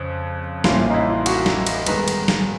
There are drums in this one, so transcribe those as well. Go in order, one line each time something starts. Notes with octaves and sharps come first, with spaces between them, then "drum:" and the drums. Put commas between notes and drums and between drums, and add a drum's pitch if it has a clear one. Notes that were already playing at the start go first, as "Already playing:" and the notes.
Already playing: F2 C#3
A1 A2 E3 G3 A#3 F4, drum: snare
F4
D#4
E4
F4
F#4, drum: cymbal
drum: snare
drum: cymbal
G2 D#3 G#3 B3 B4, drum: cymbal
drum: cymbal
drum: snare